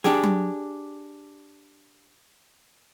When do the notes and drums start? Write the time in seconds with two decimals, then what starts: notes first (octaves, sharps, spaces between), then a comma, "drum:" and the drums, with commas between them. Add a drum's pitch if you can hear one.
0.04 D4 G4 G#4, drum: snare
0.23 drum: tom F#3